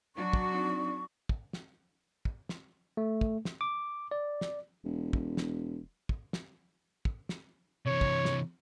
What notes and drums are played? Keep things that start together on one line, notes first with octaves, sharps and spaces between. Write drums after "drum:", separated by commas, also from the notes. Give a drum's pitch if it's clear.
F#3 D4 F#4 C#6
drum: kick
C4 D#4 D5
drum: kick
drum: snare
drum: kick
drum: snare
A3
drum: kick
drum: snare
D6
D5
drum: snare
E1
drum: kick
drum: snare
drum: kick
drum: snare
drum: kick
drum: snare
C3 E3 C#5
drum: kick
drum: snare